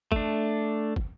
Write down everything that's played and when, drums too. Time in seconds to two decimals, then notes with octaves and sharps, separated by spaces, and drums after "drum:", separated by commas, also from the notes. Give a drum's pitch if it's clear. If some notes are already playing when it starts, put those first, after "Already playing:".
0.12 A3 D4, drum: kick
0.96 drum: kick